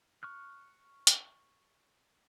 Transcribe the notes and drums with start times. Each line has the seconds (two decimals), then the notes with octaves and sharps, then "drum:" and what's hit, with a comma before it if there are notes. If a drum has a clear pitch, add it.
0.23 C#6 F6 F#6
1.07 drum: hi-hat